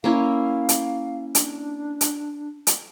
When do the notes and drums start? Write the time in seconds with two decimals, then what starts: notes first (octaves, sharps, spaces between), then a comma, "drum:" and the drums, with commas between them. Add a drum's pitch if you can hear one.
0.04 A#3 C#4 E4 F5
0.69 drum: hi-hat
1.35 D4, drum: hi-hat
2.01 drum: hi-hat
2.67 drum: hi-hat